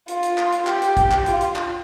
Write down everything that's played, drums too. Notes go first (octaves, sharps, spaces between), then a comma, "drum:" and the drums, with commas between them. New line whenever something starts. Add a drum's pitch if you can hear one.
F4, drum: hi-hat
drum: hi-hat
drum: clap
drum: hi-hat
G4, drum: clap
drum: hi-hat
drum: kick, hi-hat
drum: clap
F4, drum: hi-hat
drum: hi-hat
drum: clap